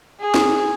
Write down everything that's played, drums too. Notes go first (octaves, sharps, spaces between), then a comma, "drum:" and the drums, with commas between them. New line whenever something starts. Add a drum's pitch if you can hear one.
G#4
drum: snare